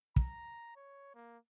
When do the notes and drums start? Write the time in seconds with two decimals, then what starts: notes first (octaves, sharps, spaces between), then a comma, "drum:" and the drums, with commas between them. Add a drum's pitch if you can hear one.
0.16 A#5, drum: kick
0.76 C#5
1.15 A#3